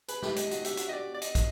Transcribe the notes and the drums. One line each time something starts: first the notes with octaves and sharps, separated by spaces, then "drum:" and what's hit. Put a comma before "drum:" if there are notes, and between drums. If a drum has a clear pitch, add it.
G#4 B4, drum: hi-hat
G4, drum: snare
G4 D#5, drum: hi-hat
F#4, drum: hi-hat
G4 E5, drum: hi-hat
F#4, drum: hi-hat
G4 D5 D#5
D5
D#5, drum: hi-hat
drum: kick, hi-hat